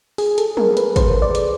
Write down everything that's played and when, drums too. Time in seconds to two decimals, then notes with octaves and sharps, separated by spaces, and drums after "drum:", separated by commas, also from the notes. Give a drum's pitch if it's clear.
0.18 G#4, drum: open hi-hat
0.38 A4, drum: hi-hat
0.57 A#4, drum: tom
0.77 B4, drum: hi-hat
0.96 C5, drum: kick G#1, hi-hat
1.22 D5
1.35 drum: hi-hat